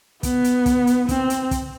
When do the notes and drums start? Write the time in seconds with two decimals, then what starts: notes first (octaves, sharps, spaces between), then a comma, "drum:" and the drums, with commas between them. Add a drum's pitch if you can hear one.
0.23 B3, drum: kick, hi-hat
0.44 drum: hi-hat
0.66 drum: kick, hi-hat
0.87 drum: hi-hat
1.09 C4, drum: kick, hi-hat
1.30 drum: hi-hat
1.51 drum: kick, hi-hat